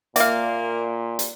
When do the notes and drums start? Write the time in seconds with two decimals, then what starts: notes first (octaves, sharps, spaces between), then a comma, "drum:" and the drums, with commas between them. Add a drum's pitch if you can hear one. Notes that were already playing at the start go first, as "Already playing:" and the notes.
0.16 A#2 A#3 D5 E5 F5, drum: hi-hat
1.19 drum: hi-hat